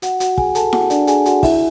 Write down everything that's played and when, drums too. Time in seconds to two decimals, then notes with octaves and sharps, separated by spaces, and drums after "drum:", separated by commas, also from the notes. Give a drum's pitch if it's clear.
0.02 F#4 F#5, drum: hi-hat
0.20 F#4 F#5, drum: hi-hat
0.38 G#4 G#5, drum: kick
0.55 A4 A5, drum: hi-hat
0.73 F#4 F#5, drum: snare E4
0.90 D4 D5, drum: hi-hat
1.07 G#4 G#5, drum: hi-hat
1.26 F#4 F#5, drum: hi-hat
1.43 E4 E5, drum: kick, open hi-hat